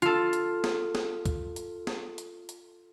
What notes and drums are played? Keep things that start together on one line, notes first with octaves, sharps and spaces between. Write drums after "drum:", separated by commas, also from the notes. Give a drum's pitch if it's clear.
F4 A4, drum: hi-hat
drum: hi-hat
drum: snare
drum: snare
drum: kick, hi-hat
drum: hi-hat
drum: snare
drum: hi-hat
drum: hi-hat